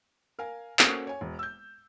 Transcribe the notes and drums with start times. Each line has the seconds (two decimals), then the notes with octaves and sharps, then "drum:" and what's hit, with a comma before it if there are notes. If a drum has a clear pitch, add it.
0.39 A#4 F5 G#5
0.79 A#3 C#4 F#4 A4 C5, drum: clap
1.07 C#5 G#5
1.21 E1
1.39 E6 G6